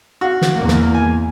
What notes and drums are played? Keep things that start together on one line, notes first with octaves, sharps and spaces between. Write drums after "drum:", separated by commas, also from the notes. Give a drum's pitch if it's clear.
F#4 F5
drum: snare
E2 A#3
drum: snare
G#5